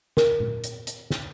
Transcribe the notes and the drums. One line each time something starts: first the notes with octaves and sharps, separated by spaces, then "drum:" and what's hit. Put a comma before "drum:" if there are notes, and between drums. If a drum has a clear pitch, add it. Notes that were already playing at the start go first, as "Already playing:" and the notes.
A#4, drum: snare
drum: tom A#2
drum: hi-hat
drum: hi-hat
drum: snare